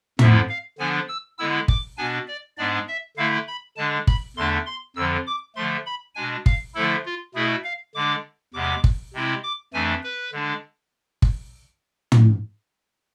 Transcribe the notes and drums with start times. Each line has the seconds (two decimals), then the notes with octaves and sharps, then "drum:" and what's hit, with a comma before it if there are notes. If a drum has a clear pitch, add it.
0.19 F2 D3 F3 B3 E4 E5, drum: tom
0.49 F5
0.78 D3 F3 B3 D4 G#5
1.08 E6
1.38 D3 G#3 B3 E4 E6
1.68 D6, drum: kick
1.97 B2 B3 D4 G#5
2.28 D5
2.58 G#2 G#3 B3 D4 D5
2.88 E5
3.17 D3 A3 E4 F5
3.48 B5
3.76 D3 G#3 D4 A5
4.07 B5, drum: kick
4.36 E2 D3 A3 D4 C6
4.66 C6
4.96 F2 D3 F3 E6
5.27 D6
5.55 D3 F3 A3 C6
5.86 B5
6.15 B2 G#3 D4 G#5
6.46 F5, drum: kick
6.74 D3 F3 A3 E4 A4
7.05 F4
7.35 B2 A3 E4 G#4
7.64 F5
7.94 D3 G#3 D4 D6
8.53 E2 C3 G#3 B3 D6
8.84 drum: kick
9.14 C3 G#3 C4 E4
9.43 D6
9.73 F2 E3 A3 D4 G#5
10.03 B4
10.32 D3 G#3 D4
11.22 drum: kick
12.12 drum: tom